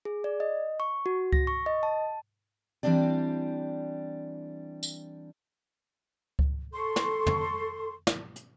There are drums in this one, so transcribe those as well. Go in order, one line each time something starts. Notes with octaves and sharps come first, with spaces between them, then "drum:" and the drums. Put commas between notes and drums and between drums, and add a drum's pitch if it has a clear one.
G#4
D5
D#5
C#6
F#4
A#6, drum: kick C#2
C#6
D#5
A5
E3 G3 C4 D4 D5
drum: tambourine
drum: kick C#2
A4 C6 C#6
drum: snare
drum: tom F2
drum: snare
drum: hi-hat